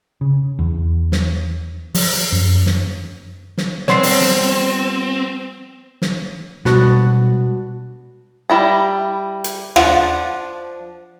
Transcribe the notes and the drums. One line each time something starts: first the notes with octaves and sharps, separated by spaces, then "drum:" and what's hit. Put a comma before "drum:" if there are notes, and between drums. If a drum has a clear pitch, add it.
C#3
E2
drum: snare
F3, drum: open hi-hat
F#2
drum: snare
drum: snare
F3 G3 B3 C4 C#5 C6 C7, drum: snare
drum: open hi-hat
drum: snare
drum: snare
B2 G3 G#3 B3 D4 F#4, drum: snare
G3 E4 A#5
drum: hi-hat
F3 D4 F#5, drum: rim click